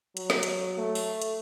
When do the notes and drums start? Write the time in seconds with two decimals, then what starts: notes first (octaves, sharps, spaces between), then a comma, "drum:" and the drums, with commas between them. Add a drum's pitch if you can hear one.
0.17 F#3, drum: hi-hat
0.30 drum: snare
0.43 drum: hi-hat
0.78 A3
0.95 drum: open hi-hat
1.22 drum: hi-hat